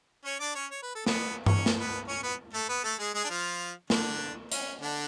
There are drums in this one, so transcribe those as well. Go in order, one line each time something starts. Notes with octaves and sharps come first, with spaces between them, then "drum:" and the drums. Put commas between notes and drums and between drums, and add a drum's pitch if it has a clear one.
C#4 C#5
D4 D5
C#4 C#5
C#5
B4
A4
B3 B4, drum: snare
C#4 C#5, drum: tom G2
drum: snare
B3 B4
C#4 C#5
B3 B4
A3 A4
B3 B4
A3 A4
G#3 G#4
G#3 G#4
D4
F3 F4
D3 D4, drum: snare
C#4, drum: hi-hat
D3 D4